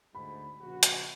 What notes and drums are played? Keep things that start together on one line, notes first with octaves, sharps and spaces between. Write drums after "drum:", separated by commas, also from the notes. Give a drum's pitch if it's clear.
D2 G#2 B5
A#1 C#3 F#4
drum: hi-hat